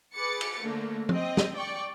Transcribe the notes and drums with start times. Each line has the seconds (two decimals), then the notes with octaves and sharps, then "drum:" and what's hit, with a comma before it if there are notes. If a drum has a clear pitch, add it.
0.15 G#4 B4 D6 A6 C#7
0.41 drum: cymbal
0.60 D3 A3 A#3
1.09 C4 D#5, drum: tom F3
1.37 drum: snare
1.56 D5 G5 C#6